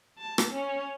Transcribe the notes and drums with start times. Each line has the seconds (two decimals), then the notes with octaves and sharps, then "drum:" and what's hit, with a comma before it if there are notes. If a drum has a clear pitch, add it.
0.19 A5
0.38 drum: rim click
0.53 C#4